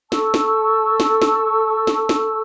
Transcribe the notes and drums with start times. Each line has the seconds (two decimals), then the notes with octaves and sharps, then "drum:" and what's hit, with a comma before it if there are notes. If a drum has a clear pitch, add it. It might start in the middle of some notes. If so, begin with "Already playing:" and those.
0.12 A4 A5 C#6 E6, drum: snare
0.34 drum: snare
1.00 drum: snare
1.22 drum: snare
1.87 drum: snare
2.09 drum: snare